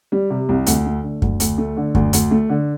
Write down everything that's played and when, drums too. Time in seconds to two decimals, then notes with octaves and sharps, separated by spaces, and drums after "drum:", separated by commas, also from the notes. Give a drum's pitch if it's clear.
0.12 G3
0.30 C3
0.49 C2
0.66 D2, drum: hi-hat
0.86 A3
1.04 D3
1.22 D2, drum: kick F#2
1.40 D2, drum: hi-hat
1.58 A3
1.77 D3
1.95 D2, drum: kick F#2
2.13 D2, drum: hi-hat
2.31 A3
2.49 D3